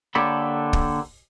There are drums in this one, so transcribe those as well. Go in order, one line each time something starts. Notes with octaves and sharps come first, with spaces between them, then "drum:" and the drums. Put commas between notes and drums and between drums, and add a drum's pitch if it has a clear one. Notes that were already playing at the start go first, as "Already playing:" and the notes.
D3 A#3 G4 A4 C#5 B5
drum: kick